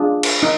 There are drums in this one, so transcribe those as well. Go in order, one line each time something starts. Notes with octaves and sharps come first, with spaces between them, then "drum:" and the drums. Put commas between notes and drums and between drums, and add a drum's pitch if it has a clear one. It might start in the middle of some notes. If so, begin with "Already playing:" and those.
Already playing: D4 F4 G#4
drum: cymbal
D#4